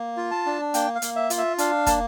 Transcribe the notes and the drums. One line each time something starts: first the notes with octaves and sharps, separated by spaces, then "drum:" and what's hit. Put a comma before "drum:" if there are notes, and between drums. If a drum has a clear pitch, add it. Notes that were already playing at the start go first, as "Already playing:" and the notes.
Already playing: A#3
F4
A5
D4
A#3 G5, drum: hi-hat
F5
A#3, drum: hi-hat
E5
F4, drum: hi-hat
E5
D4 F5, drum: hi-hat
A#3 A5, drum: kick, hi-hat